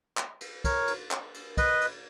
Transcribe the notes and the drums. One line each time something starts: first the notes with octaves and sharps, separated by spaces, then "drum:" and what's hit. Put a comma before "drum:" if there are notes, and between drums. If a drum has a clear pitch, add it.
drum: clap
drum: cymbal
A#4 C#5, drum: kick, cymbal
drum: cymbal
drum: clap
drum: cymbal
B4 D#5, drum: kick, cymbal
drum: cymbal